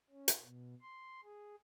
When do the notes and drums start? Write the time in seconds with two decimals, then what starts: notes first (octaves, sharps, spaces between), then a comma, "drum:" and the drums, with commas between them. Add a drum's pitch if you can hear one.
0.10 C#4
0.28 drum: hi-hat
0.43 B2
0.81 C6
1.24 G#4